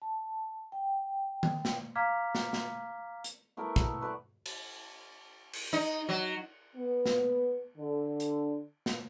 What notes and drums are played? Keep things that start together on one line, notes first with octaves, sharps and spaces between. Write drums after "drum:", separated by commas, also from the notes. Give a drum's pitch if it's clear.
A5
G5
drum: tom D#3
drum: snare
F5 A#5 D6 F6 G#6 B6
drum: snare
drum: snare
drum: hi-hat
A3 B3 E4 A#4
B3 A4, drum: kick
A3 B4 D5 C#6
drum: cymbal
drum: cymbal
D#4, drum: hi-hat
F#3
B3
drum: snare
D3
drum: hi-hat
drum: snare